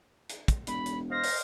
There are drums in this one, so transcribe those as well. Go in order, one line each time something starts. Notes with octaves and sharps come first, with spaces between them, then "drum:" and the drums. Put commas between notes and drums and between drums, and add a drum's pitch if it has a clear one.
drum: hi-hat
drum: kick, hi-hat
E1 B5, drum: hi-hat
drum: hi-hat
C5 D#5 F5 A#6
drum: open hi-hat